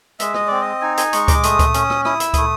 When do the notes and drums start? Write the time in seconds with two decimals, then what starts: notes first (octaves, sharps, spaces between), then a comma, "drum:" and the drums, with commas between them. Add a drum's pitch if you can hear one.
0.20 G#3 E5, drum: hi-hat
0.34 D#5, drum: rim click
0.47 C4 D5
0.61 D#5
0.82 D#4 G#5
0.97 G#5, drum: hi-hat
1.13 G#3 C#6, drum: hi-hat
1.28 D6, drum: kick C#2, hi-hat
1.43 A3 D#6, drum: hi-hat
1.59 drum: kick C#2, hi-hat
1.74 C#4, drum: hi-hat
1.90 drum: rim click
2.05 E4 D#6, drum: rim click
2.20 E6, drum: hi-hat
2.34 A3 D#6, drum: kick C#2, hi-hat